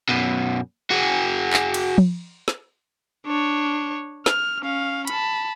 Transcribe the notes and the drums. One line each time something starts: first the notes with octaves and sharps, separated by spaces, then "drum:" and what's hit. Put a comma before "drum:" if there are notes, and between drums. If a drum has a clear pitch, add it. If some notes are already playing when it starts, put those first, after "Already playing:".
F#2 B2
F#4 G#4
drum: clap
drum: cymbal
drum: tom F3
drum: snare
D4 C#5
F6, drum: snare
C#4 F5
A5 B5, drum: hi-hat